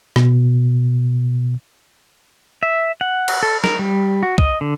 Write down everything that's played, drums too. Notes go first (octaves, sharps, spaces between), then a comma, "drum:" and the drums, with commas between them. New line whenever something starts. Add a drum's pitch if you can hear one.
B2, drum: rim click
E5
F#5
drum: cymbal
A4
A#4, drum: snare
G3
F#4
D#5, drum: kick
D3